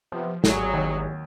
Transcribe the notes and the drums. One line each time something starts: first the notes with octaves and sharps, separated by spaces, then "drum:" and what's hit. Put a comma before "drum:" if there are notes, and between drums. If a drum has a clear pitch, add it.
C3 F3 B3
G#1 E2 F#3 G3 G#4, drum: snare
D#2